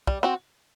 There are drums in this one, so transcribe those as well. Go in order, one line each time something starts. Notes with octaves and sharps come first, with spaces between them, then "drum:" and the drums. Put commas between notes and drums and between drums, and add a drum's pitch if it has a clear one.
G3, drum: kick
C4 F#4